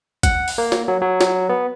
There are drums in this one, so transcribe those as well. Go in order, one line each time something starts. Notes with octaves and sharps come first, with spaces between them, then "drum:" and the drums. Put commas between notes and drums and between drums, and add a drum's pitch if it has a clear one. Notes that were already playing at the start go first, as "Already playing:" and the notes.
F#5, drum: kick G#1, hi-hat
drum: open hi-hat
A#3
drum: snare
F#3
F#3
drum: snare
B3